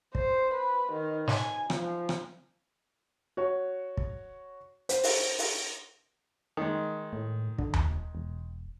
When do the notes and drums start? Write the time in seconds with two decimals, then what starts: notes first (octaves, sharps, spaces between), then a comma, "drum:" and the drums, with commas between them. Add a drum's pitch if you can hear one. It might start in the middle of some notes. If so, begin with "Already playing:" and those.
0.15 C5, drum: kick
0.54 B4
0.92 D#3
1.28 G#5, drum: snare
1.70 F3, drum: rim click
2.09 drum: rim click
3.37 F#4 C#5
3.97 drum: kick
4.89 C5, drum: hi-hat
5.03 drum: open hi-hat
5.38 drum: open hi-hat
6.57 D#3 G#3
7.13 A2
7.58 D3, drum: kick
7.74 D#1, drum: tom D#2
8.15 E1